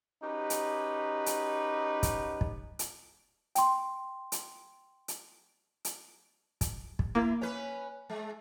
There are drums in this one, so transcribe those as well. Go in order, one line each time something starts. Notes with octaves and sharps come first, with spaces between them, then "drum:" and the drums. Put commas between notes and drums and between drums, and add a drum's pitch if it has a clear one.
C#4 D#4 F#4 G4 B4
drum: hi-hat
drum: hi-hat
drum: kick, hi-hat
drum: kick
drum: hi-hat
G5 C6, drum: hi-hat
drum: hi-hat
drum: hi-hat
drum: hi-hat
drum: kick, hi-hat
drum: kick
A#3 E4
C#4 B4
G#3